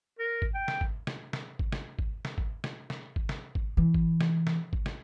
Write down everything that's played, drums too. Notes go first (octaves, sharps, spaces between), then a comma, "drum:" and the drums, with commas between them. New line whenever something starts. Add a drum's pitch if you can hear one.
A#4
drum: kick
G5
drum: snare
drum: kick
drum: snare
drum: snare
drum: kick
drum: snare
drum: kick
drum: snare
drum: kick
drum: snare
drum: snare
drum: kick
drum: snare
drum: kick
E3
drum: kick
drum: snare
drum: snare
drum: kick
drum: snare